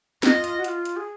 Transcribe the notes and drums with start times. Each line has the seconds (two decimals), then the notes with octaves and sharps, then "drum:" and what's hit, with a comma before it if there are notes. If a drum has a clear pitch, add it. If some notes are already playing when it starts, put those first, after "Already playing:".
0.23 F4 D#5, drum: snare
0.44 drum: hi-hat
0.57 F#4
0.64 F4, drum: hi-hat
0.85 drum: hi-hat
0.96 G#4